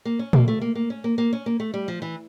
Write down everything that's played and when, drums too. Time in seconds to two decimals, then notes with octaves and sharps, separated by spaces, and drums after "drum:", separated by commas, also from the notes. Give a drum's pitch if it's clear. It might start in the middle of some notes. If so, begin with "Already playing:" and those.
0.05 A#3
0.19 C#4
0.33 A#3, drum: tom A#2
0.48 A3
0.61 A#3
0.75 A#3
0.90 C#4
1.04 A#3
1.18 A#3
1.33 C#4
1.46 A#3
1.60 A3
1.74 G3
1.88 F3
2.02 E3